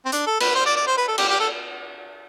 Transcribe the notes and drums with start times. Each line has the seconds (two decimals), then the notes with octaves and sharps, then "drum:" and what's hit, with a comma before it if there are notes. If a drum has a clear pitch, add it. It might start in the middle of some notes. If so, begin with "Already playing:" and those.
0.05 C4
0.12 D4, drum: hi-hat
0.26 A4
0.40 B4, drum: cymbal
0.55 C5
0.65 D5
0.76 D5
0.87 C5
0.97 B4
1.08 A4
1.18 G4, drum: cymbal
1.29 G4
1.40 A4